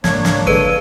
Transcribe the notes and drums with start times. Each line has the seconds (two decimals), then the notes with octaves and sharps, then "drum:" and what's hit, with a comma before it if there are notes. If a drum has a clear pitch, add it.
0.04 C#2 G#2 A#3 D4 C#5 G#6, drum: snare
0.25 drum: snare
0.47 G#1 D3 E3 G#3 B4 D#7